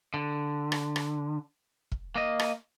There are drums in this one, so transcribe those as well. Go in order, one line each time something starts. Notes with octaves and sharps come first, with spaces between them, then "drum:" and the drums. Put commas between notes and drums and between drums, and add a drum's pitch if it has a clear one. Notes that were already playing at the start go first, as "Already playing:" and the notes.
D3
drum: rim click
drum: rim click
drum: kick
A#3 D#5
drum: rim click